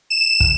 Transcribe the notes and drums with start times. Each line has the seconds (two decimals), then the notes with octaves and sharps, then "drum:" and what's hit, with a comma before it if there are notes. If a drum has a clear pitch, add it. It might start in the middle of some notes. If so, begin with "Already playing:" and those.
0.10 E7
0.40 drum: kick